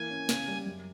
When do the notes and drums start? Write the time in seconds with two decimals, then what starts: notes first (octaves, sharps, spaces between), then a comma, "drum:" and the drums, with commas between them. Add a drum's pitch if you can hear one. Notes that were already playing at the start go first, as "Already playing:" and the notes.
Already playing: E3 A#3 G#5
0.10 C#4
0.29 C#3, drum: snare
0.48 G3
0.66 F#2